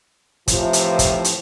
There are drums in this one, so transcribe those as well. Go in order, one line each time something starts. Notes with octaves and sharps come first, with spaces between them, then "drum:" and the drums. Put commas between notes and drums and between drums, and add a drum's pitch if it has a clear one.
A2 C3 E3 F3, drum: kick, hi-hat
drum: hi-hat
drum: kick, hi-hat
drum: hi-hat